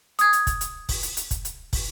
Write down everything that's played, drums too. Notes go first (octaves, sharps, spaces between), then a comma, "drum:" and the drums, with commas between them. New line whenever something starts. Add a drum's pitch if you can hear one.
D#6 G#6, drum: hi-hat
drum: hi-hat
drum: kick, hi-hat
drum: hi-hat
drum: kick, open hi-hat
drum: hi-hat
drum: hi-hat
drum: kick, hi-hat
drum: hi-hat
drum: kick, open hi-hat